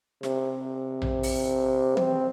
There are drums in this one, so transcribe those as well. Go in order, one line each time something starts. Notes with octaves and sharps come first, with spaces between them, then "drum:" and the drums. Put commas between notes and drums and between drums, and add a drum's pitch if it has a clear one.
C3, drum: snare
drum: tom A#1
drum: open hi-hat
C4, drum: tom E3